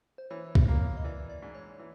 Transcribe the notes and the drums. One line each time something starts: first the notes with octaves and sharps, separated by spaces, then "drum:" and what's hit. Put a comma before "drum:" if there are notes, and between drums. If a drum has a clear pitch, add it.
C5
E3 C#5
drum: kick C2
A#3
D#5
E3 D5
D5
G#2
C#5
E3